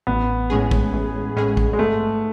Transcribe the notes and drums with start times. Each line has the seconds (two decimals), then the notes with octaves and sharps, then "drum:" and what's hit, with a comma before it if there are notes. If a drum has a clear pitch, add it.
0.07 A1 B3
0.50 A2 G#3 C#4 G#4
0.71 drum: kick
0.93 A1
1.36 A2 G#3 C#4 G#4
1.57 drum: kick
1.73 G#3
1.79 G#2 A3